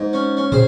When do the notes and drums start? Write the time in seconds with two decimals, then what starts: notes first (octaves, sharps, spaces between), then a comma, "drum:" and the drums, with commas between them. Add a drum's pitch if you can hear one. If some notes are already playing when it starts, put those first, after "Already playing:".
Already playing: G#2
0.13 C#4
0.37 C#4
0.52 G#4 C5, drum: tom